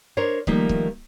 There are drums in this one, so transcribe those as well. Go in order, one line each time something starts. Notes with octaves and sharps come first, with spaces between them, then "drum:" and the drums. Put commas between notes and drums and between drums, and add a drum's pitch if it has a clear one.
D4 A#4 C5 C#5
D#3 F3 G3 A3 A#3 D#4, drum: kick
drum: kick